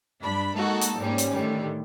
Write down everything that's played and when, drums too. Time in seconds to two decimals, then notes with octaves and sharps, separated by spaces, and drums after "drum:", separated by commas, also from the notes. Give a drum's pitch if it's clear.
0.21 G2 D4 B5
0.57 G#3 A#3 D#4 F#4 A4
0.81 drum: hi-hat
1.00 G#2 G3 A#3 C4 C#4
1.18 drum: hi-hat
1.32 A2 D3 D#3 G3